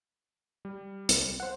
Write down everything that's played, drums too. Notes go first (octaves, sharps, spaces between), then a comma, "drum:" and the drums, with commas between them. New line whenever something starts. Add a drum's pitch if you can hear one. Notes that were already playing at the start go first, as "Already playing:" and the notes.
G3
C2, drum: hi-hat
C5 F#5